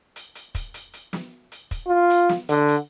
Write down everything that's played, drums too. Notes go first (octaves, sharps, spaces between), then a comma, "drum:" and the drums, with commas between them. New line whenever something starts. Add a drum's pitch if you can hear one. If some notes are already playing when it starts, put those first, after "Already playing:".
drum: hi-hat
drum: hi-hat
drum: kick, hi-hat
drum: hi-hat
drum: hi-hat
drum: snare
drum: hi-hat
drum: kick, hi-hat
F4
drum: hi-hat
drum: snare
D3, drum: hi-hat
drum: hi-hat